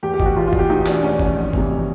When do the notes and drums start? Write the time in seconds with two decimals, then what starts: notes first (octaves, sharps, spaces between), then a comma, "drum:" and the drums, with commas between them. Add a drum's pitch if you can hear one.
0.03 E2 G4
0.14 G4
0.20 B2, drum: kick G1
0.26 F#4
0.36 E2 F4
0.47 F4
0.53 B2, drum: kick G1
0.59 G4
0.70 E2 D#4
0.86 B2 D4, drum: clap
1.03 E2 C#4
1.19 B2, drum: kick G1
1.36 F2
1.53 C3 E3, drum: kick G1
1.69 F2